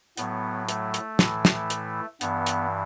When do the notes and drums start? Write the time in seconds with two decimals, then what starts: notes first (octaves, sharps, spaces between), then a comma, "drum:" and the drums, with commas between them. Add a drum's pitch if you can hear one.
0.17 A2 F#3 B3, drum: hi-hat
0.69 A3, drum: hi-hat
0.94 drum: hi-hat
1.19 A2 E3, drum: snare
1.45 drum: snare
1.70 drum: hi-hat
2.21 G2 E3 B3, drum: hi-hat
2.46 drum: hi-hat